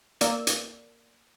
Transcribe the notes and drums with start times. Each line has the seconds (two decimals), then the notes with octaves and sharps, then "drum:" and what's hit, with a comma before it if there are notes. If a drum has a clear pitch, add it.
0.21 A#3 D5 E6, drum: hi-hat
0.47 drum: hi-hat